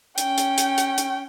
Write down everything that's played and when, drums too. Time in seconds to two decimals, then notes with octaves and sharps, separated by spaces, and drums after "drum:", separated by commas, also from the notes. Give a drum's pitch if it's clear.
0.18 C#4 G5, drum: hi-hat
0.38 drum: hi-hat
0.58 drum: hi-hat
0.78 drum: hi-hat
0.98 drum: hi-hat